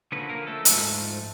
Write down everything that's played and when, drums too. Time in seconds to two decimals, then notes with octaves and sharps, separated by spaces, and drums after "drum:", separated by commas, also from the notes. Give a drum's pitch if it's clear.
0.12 D3 F3 A#3 B3 C#4 B4
0.29 A#3 A#4
0.47 A3 A4
0.65 G#2 F3 A3, drum: hi-hat